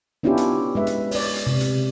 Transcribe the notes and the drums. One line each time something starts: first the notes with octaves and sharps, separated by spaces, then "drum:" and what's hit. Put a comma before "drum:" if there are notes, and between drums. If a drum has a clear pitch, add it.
B3 C#4 D4 E4 F4 G4
drum: hi-hat
G#3 B4 E5
drum: hi-hat
C#5 D5, drum: open hi-hat
drum: hi-hat
C3
drum: hi-hat